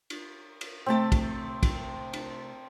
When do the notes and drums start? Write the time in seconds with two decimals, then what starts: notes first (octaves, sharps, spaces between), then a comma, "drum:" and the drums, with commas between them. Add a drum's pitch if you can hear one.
0.10 drum: cymbal
0.61 drum: cymbal
0.86 C3 A3 C4 G5 A5
1.12 drum: kick, cymbal
1.63 drum: kick, cymbal
2.13 drum: cymbal